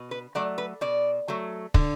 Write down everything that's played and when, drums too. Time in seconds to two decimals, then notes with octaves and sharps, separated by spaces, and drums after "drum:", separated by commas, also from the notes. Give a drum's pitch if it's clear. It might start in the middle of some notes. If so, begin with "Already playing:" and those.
Already playing: B2
0.11 B4
0.35 F#3 A3 D5
0.58 B4
0.81 B2 D5
1.28 F#3 A3
1.74 D3, drum: kick